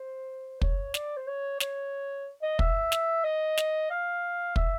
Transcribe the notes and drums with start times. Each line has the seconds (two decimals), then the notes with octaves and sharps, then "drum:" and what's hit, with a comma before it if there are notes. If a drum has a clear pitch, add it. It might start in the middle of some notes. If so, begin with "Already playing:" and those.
Already playing: C5
0.62 C#5, drum: kick
0.94 D5, drum: snare
1.17 C5
1.28 C#5
1.60 C#5, drum: snare
2.42 D#5
2.59 E5, drum: kick
2.92 drum: snare
3.24 D#5
3.57 drum: snare
3.91 F5
4.56 E5, drum: kick